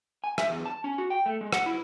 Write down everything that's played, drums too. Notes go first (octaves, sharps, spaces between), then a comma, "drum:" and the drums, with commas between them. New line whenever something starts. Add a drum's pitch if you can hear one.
G#5
E5, drum: rim click
E2
A5
C#4
F#4
G5
A3
G#3
F#5, drum: rim click
E4